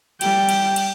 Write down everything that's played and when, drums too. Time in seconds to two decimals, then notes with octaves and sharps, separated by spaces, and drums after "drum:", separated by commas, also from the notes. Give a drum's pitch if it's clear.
0.21 G3 G5, drum: cymbal
0.49 drum: cymbal
0.76 drum: cymbal